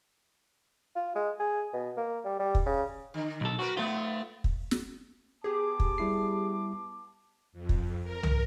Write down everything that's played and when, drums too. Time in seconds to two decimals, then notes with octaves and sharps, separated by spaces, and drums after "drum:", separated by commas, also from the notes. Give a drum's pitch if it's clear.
0.95 F4
1.16 G#3
1.40 G#4
1.73 B2
1.97 A#3
2.25 G3
2.39 G3
2.55 drum: kick
2.66 C#3
3.14 D3
3.41 B1 A4
3.59 C4 F#4 A#4 B4
3.77 A3 B3 C4 F4
4.44 drum: kick
4.71 drum: snare
5.44 B3 G4 G#4 A5 D6
5.80 drum: kick
5.98 G3 E4 C7
7.53 F2
7.69 drum: kick
8.02 A#4
8.23 drum: tom C2